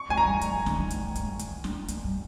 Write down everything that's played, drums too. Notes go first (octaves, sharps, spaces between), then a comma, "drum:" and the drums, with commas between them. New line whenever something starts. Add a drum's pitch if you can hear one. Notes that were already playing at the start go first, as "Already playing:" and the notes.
Already playing: C#6
G#3 G#5
A#5
G3
G3, drum: hi-hat
F3
D#3, drum: snare
G3
G#3, drum: hi-hat
G#3
A#3, drum: hi-hat
G3
D#3, drum: hi-hat
G3, drum: snare
A#3, drum: hi-hat
G3